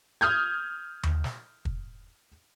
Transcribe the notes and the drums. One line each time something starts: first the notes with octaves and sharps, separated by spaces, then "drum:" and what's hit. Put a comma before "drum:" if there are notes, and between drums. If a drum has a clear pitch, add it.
D#6 F6 G6 G#6
drum: tom D#2
drum: snare
drum: kick